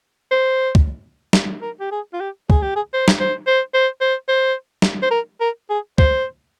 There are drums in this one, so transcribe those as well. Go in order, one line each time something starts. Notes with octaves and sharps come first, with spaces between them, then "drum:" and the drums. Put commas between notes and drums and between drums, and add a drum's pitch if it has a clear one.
C5
drum: kick
drum: snare
A#4
G4
G#4
F4
G4
G#4, drum: kick
G4
G#4
C5
drum: snare
C5
C5
C5
C5
C5
drum: snare
C5
A#4
A#4
G#4
C5, drum: kick